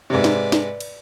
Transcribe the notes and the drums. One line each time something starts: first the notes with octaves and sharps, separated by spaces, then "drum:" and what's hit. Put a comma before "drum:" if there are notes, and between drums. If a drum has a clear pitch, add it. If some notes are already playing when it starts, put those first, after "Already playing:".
G#2 C3 B4 D5
drum: snare
drum: snare
drum: cymbal